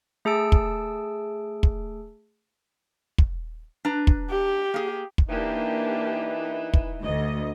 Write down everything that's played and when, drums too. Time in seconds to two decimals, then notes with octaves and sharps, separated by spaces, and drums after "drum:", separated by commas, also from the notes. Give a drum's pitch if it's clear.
0.25 A3 G#4 A5 E6 D7
0.52 drum: kick
1.63 drum: kick
3.18 drum: kick
3.85 D4 B4 A#5
4.07 drum: kick
4.30 G4
4.74 A#3 G#4
5.18 drum: kick
5.28 E3 A#3 D4 D#4 G4
6.74 drum: kick
7.03 D2 D#5